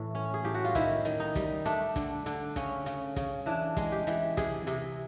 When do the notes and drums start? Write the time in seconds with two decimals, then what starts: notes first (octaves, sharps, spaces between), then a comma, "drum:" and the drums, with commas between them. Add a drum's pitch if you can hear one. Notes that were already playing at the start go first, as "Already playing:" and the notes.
Already playing: A2 E3
0.15 C#4
0.34 G#4
0.44 A2 G4
0.55 F#4
0.65 F4
0.75 D#3 E4, drum: kick, hi-hat
1.05 D#3, drum: hi-hat
1.20 D#4
1.35 G3, drum: kick, hi-hat
1.65 A3 D4, drum: hi-hat
1.96 D3, drum: kick, hi-hat
2.26 D3, drum: hi-hat
2.56 C#3 C#4, drum: kick, hi-hat
2.86 C#3, drum: hi-hat
3.16 C#3, drum: kick, hi-hat
3.46 E3 D4
3.77 G#3, drum: kick, hi-hat
3.92 G4
4.07 E3, drum: hi-hat
4.37 C3 G#4, drum: kick, hi-hat
4.67 C3, drum: hi-hat